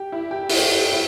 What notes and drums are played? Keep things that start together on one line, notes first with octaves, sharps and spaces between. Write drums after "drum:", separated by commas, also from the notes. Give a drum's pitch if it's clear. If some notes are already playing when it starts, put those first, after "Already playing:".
Already playing: G4
E4
G4
E4, drum: open hi-hat
G4
E4
G4
E4